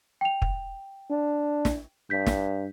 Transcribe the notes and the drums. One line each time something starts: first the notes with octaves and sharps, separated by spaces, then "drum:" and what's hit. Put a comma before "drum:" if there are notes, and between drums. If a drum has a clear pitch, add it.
G5 F7
drum: kick
D4
drum: snare
G2 G6 B6
drum: snare